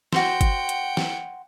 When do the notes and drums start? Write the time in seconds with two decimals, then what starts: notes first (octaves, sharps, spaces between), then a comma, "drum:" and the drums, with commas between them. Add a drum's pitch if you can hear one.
0.13 F#4 C5 F#5 G5, drum: snare
0.41 drum: kick G1, hi-hat
0.69 drum: hi-hat
0.97 drum: snare